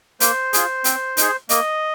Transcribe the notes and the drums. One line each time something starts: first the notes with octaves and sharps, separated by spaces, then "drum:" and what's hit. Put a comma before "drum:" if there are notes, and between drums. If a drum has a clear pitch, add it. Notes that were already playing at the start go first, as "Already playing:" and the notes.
A#3 C5, drum: hi-hat
F4 G#4, drum: hi-hat
C4, drum: hi-hat
D#4 G#4, drum: hi-hat
A#3 D#5, drum: hi-hat